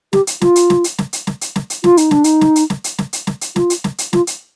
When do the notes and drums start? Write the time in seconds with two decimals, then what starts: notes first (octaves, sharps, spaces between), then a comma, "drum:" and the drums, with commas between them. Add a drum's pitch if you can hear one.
0.13 G4, drum: snare
0.27 drum: hi-hat
0.41 F4, drum: snare
0.56 drum: hi-hat
0.70 drum: snare
0.84 drum: hi-hat
0.98 drum: snare
1.13 drum: hi-hat
1.27 drum: snare
1.41 drum: hi-hat
1.56 drum: snare
1.70 drum: hi-hat
1.84 F4, drum: snare
1.97 D#4, drum: hi-hat
2.11 D4, drum: snare
2.24 D#4, drum: hi-hat
2.41 drum: snare
2.56 drum: hi-hat
2.70 drum: snare
2.84 drum: hi-hat
2.98 drum: snare
3.13 drum: hi-hat
3.27 drum: snare
3.41 drum: hi-hat
3.56 F4, drum: snare
3.70 drum: hi-hat
3.84 drum: snare
3.98 drum: hi-hat
4.13 F4, drum: snare
4.27 drum: hi-hat